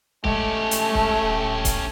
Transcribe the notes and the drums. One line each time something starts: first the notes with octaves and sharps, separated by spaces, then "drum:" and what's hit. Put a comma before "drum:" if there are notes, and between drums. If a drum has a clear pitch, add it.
G#3 A3 C#4 G4, drum: kick
drum: hi-hat
drum: kick
D#1
drum: kick, hi-hat